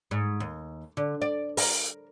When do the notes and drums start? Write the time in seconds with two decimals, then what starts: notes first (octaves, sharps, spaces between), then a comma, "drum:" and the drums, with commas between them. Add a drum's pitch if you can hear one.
0.11 G#2
0.40 D#2
0.97 D3
1.22 D5
1.57 A#4, drum: open hi-hat